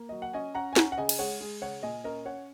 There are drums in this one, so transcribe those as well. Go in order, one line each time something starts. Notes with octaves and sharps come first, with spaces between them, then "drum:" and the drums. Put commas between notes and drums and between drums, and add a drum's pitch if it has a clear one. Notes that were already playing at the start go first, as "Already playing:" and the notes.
Already playing: A#3
F#3 D#5
F#5
C#4 D#5 G#5
C#4 F#5 A#5
G#5
C#4 F#5 A#5, drum: snare
F#5
C#3 D#5 G#5
drum: cymbal
G#3 C#5 F#5
G#3
C#3 C#5 F#5
A#2 D#5 G#5
C#4 A#4 D#5
C#4 C#5 F#5